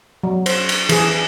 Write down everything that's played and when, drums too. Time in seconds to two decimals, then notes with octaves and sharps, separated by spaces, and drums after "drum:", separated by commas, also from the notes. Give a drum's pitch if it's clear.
0.23 F#3
0.46 C5, drum: cymbal
0.69 drum: cymbal
0.89 E3 G#4, drum: cymbal